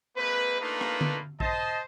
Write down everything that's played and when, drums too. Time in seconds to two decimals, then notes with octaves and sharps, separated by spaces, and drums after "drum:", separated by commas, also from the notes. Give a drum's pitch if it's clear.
0.17 G#3 A#3 C4 B4
0.60 A3 A#3 D4 D#4 F4 B4
0.81 drum: rim click
1.01 drum: tom D3
1.40 C5 D#5 A5, drum: kick A#1